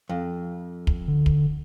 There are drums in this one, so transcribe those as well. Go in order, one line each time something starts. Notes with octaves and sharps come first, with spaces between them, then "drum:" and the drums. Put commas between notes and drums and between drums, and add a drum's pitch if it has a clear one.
F2
drum: kick
D3
drum: kick